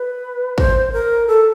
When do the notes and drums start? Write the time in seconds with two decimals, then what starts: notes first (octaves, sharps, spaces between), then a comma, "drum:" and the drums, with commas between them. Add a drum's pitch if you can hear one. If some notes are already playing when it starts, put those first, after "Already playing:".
Already playing: B4
0.58 C5, drum: kick
0.93 A#4
1.27 A4